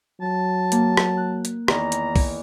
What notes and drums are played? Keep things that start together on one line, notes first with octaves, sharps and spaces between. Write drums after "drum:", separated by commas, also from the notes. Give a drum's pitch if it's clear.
F#3 A5
A#3, drum: hi-hat
drum: rim click
F#6
drum: hi-hat
E2 D#3 A#5, drum: rim click
drum: hi-hat
drum: kick, open hi-hat